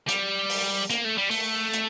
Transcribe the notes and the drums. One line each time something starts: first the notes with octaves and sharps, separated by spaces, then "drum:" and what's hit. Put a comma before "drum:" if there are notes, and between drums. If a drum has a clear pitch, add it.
G3, drum: hi-hat
drum: open hi-hat
A#3, drum: hi-hat
A3
G3
A3, drum: open hi-hat
drum: hi-hat